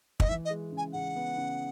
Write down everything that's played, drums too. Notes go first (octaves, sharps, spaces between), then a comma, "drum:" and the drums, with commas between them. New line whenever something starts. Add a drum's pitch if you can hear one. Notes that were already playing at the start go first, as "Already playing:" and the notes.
D#5, drum: kick
E3 E5
D#5
G#3
C#3
G#5
C#3 F#5
B3
C#3